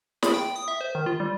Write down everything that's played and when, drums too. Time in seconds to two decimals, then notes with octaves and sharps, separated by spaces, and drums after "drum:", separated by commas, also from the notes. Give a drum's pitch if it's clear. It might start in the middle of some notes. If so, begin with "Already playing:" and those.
0.23 B5, drum: snare
0.34 G5
0.56 D#6
0.68 E5
0.81 C5
0.95 D#3
1.06 F4
1.20 G3